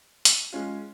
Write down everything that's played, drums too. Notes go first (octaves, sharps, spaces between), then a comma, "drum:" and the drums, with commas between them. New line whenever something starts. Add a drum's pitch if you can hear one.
drum: hi-hat
G#3 C#4 F4